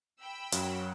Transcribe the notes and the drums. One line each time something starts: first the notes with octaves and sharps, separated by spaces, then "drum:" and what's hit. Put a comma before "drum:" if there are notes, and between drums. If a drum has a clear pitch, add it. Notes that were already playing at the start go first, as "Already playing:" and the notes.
G5 B5 E6
F#2 F#3 F5, drum: hi-hat